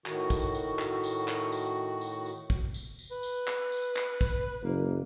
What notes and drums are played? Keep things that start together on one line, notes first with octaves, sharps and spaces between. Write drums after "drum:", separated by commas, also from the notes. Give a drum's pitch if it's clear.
A2 D#3 F#4, drum: clap
drum: kick, tambourine
drum: tambourine
drum: clap
drum: tambourine
drum: clap
drum: tambourine
drum: tambourine
drum: tambourine
drum: kick
drum: tambourine
drum: tambourine
B4
drum: tambourine
drum: clap
drum: tambourine
drum: clap
drum: kick, tambourine
F#1 A#3